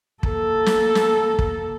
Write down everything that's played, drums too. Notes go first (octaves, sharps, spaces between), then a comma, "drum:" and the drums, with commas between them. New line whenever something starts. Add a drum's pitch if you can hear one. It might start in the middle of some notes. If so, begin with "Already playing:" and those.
A#3 A4, drum: kick
drum: snare
drum: snare
drum: kick